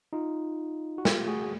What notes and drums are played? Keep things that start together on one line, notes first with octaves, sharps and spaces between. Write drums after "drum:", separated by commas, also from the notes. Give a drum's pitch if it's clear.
D#4 F4
F#4
F4 G4, drum: snare
F#4 G#4